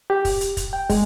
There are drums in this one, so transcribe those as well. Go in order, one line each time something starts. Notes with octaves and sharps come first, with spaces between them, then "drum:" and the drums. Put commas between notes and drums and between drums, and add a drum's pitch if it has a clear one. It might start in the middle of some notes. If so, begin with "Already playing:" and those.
G4
drum: kick, open hi-hat
drum: hi-hat
drum: kick, hi-hat
G5
G#3, drum: kick, open hi-hat